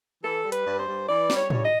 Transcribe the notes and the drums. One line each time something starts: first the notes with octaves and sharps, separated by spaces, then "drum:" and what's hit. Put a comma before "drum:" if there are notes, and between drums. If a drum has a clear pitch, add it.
E3 A4
G3
B4, drum: hi-hat
G2
C5
G2
E3 D5
G3, drum: snare
C#5
G2, drum: tom A2
D#5